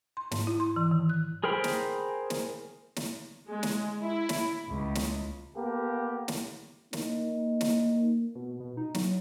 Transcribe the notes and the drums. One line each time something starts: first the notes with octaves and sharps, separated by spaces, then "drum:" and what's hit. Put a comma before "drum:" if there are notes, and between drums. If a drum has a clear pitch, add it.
C6
G#2, drum: snare
E4
C6
E3
D#3
F#6
G#4 A#4 C5 G5 B5
drum: snare
drum: snare
drum: snare
G#3
drum: snare
E4
drum: snare
C#2
drum: snare
A#3 B3 G4 A4 A#4
drum: snare
A#3 D#4, drum: snare
drum: snare
B2
B2
D#4
F#3, drum: snare